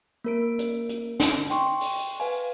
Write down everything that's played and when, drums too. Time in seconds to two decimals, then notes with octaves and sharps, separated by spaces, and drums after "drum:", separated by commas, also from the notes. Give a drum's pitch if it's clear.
0.24 A#3 A#4 D7
0.59 drum: hi-hat
0.89 drum: hi-hat
1.20 drum: snare
1.50 G5 C6 C#6, drum: hi-hat
1.80 drum: open hi-hat
2.20 B4 F5 G#5